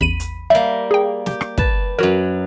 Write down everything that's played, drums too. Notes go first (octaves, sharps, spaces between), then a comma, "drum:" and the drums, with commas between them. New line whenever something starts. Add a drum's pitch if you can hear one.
A1 E2 B5 D#7
drum: hi-hat
G3 A#3 E5
G#4 G5
G4, drum: snare
drum: rim click
B4 A5, drum: kick
F#2 F#3 F#4 A#4